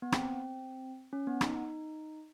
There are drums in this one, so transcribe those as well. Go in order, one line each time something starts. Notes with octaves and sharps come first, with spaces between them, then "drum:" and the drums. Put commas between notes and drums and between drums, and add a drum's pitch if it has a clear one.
B3
C4, drum: rim click
C#4
B3
D#4, drum: rim click